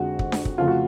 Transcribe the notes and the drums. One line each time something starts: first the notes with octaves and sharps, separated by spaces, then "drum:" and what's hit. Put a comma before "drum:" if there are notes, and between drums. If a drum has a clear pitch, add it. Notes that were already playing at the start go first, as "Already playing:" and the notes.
Already playing: F2 D3 G#3 F#4
drum: kick
drum: snare D4
drum: kick
F2 C#3 F3 A3 F4
F#4